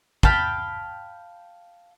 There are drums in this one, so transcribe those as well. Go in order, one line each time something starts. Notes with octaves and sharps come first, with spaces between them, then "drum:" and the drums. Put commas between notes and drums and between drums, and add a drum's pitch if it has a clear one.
F5 G5 A5 B5, drum: kick